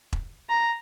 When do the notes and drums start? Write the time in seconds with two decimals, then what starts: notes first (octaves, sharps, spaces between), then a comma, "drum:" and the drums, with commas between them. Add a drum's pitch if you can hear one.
0.13 drum: kick E1
0.49 A#5